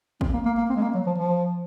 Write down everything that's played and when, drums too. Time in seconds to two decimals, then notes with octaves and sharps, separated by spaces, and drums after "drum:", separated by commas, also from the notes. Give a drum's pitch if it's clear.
0.21 C4, drum: kick
0.34 A#3
0.46 A#3
0.58 A#3
0.70 C4
0.76 G#3
0.82 A#3
0.95 F#3
1.07 F3
1.18 F3